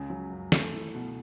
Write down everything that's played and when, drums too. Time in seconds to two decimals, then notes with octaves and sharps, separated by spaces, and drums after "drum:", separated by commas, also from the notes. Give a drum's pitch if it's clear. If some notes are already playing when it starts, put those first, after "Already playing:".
Already playing: C#2 C#3
0.10 F#3
0.31 F#2
0.52 A3, drum: snare
0.73 E4
0.94 B2